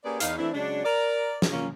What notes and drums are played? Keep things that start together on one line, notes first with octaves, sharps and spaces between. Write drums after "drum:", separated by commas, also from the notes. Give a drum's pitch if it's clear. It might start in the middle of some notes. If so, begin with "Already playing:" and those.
A#3 C#4 G4 G#4 B4 D5
E2 D#4 F5, drum: hi-hat
E3 A3 C4 D4 E4
C#3 F#3 G#3 D4
A#4 D5
drum: snare
A#3 C#4 F4